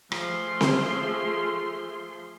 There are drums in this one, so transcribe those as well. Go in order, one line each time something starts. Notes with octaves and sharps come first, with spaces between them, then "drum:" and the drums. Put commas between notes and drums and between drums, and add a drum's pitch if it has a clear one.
F3 A3 G#4 C6, drum: rim click
drum: snare C4